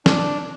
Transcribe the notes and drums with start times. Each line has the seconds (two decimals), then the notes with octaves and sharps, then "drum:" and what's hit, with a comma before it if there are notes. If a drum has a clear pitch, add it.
0.06 D4, drum: snare